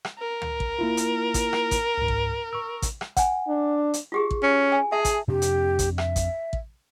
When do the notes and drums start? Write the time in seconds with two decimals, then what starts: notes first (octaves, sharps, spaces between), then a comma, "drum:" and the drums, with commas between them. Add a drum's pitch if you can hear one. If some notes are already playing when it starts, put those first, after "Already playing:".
0.05 drum: rim click
0.18 A#4
0.42 drum: tom
0.60 drum: kick
0.79 A#3 E4 F4
0.97 drum: hi-hat
1.34 drum: kick, hi-hat
1.53 drum: rim click
1.71 drum: kick, hi-hat
1.98 C#2 G#2
2.08 drum: kick
2.53 C#6 E6
2.82 drum: kick, hi-hat
3.01 drum: rim click
3.17 F#5 G#5, drum: kick, hi-hat
3.48 D4
3.94 drum: hi-hat
4.12 F4 G4 G#4
4.31 drum: kick
4.43 C#4
4.72 G#5
4.92 G#4 E5 A5
5.05 drum: kick, hi-hat
5.28 F2 C3 D4 G4
5.42 drum: hi-hat
5.79 drum: kick, hi-hat
5.98 E5, drum: rim click
6.16 drum: kick, hi-hat
6.53 drum: kick